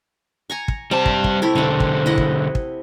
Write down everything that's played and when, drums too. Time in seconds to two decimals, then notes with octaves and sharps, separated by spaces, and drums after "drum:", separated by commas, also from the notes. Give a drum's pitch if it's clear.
0.50 G#5 A#5 C#6
0.68 drum: kick
0.91 C3 G3 A5
1.06 drum: kick
1.24 drum: kick
1.42 A3 E4 G4
1.55 B1 D3 C4 F5
1.80 drum: kick
2.06 E4 D#5 F#5
2.18 drum: kick
2.55 drum: kick